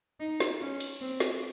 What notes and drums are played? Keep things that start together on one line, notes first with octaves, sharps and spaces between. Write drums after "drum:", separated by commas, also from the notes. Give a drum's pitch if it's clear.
D#4
drum: snare
C#4
drum: cymbal
C4
drum: snare